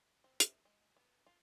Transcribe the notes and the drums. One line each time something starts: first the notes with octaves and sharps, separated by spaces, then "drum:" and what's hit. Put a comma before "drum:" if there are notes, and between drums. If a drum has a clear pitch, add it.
C4
E5, drum: hi-hat
G#3
B3
F4